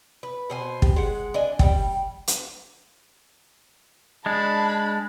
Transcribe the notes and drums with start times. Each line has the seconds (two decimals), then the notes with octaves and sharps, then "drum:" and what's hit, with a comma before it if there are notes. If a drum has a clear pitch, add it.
0.23 B4
0.50 B2 C5 G#5
0.82 G4, drum: kick
0.96 G#3 F#5
1.34 D4 D#5 G#5
1.59 G3 C4 G5, drum: kick
2.27 drum: hi-hat
4.26 G#3 D4 A5 B5